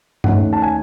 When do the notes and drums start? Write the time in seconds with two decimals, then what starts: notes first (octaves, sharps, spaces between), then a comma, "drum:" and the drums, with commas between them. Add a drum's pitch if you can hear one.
0.24 D#2 D#3 A3 C#4 F#5, drum: tom G2
0.53 A5
0.62 G#5